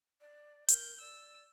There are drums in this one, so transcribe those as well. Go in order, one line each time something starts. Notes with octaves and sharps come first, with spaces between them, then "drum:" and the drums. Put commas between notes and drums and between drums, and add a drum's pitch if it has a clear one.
D5
A#4 G6, drum: hi-hat
D5 E6